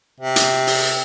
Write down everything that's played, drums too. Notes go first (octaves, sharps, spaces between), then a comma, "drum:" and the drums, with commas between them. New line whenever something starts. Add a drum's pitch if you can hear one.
C3
drum: hi-hat
drum: open hi-hat